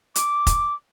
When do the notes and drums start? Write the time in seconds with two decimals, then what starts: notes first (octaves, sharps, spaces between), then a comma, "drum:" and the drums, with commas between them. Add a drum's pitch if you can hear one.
0.15 D6, drum: hi-hat
0.47 drum: kick F1, hi-hat